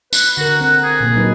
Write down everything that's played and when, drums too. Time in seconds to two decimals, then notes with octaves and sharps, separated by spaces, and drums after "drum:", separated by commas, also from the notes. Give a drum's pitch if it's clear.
0.13 B4, drum: tambourine
0.37 D3 F#4 A#4
0.61 C4 F#5
0.83 G#4
1.00 A#2 A#3
1.15 F#3 D#4 B4